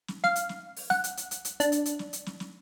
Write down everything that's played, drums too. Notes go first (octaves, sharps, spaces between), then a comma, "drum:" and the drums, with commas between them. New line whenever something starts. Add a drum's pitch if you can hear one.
drum: snare
F5, drum: snare
drum: hi-hat
drum: snare
drum: open hi-hat
F#5, drum: snare
drum: hi-hat
drum: hi-hat
drum: hi-hat
drum: hi-hat
D4, drum: hi-hat
drum: hi-hat
drum: hi-hat
drum: snare
drum: hi-hat
drum: snare
drum: snare